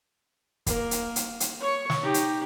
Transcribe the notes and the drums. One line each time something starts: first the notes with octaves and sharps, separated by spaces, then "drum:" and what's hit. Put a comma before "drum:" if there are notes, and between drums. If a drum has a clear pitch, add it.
A#3, drum: kick, hi-hat
drum: hi-hat
drum: hi-hat
drum: hi-hat
C#5 C#6
drum: snare
D#4 G4
drum: hi-hat